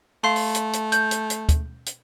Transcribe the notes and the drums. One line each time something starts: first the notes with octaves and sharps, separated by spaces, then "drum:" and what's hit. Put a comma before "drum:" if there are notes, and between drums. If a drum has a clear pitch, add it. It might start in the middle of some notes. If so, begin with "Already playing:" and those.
A3 F5 C6
drum: open hi-hat
drum: hi-hat
drum: hi-hat
G6, drum: hi-hat
drum: hi-hat
drum: hi-hat
drum: kick, hi-hat
drum: hi-hat